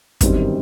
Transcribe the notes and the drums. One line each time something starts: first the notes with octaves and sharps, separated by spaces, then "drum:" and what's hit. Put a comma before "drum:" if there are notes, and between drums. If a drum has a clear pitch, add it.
G1 F#2 D#3 G3 C4, drum: kick, hi-hat